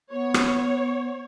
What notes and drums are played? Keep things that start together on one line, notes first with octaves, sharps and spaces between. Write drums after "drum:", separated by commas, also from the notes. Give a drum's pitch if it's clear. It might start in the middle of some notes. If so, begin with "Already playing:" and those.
B3 C#5
drum: rim click